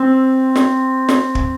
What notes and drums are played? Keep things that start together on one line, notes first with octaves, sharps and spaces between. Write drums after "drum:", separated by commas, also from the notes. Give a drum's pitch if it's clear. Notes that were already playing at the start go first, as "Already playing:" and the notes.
Already playing: C4
drum: snare
drum: snare
drum: kick